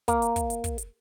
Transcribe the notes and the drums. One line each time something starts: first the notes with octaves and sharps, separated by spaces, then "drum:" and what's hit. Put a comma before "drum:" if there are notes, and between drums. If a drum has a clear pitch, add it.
A#3, drum: kick, hi-hat
drum: hi-hat
drum: kick, hi-hat
drum: hi-hat
drum: kick, hi-hat
drum: hi-hat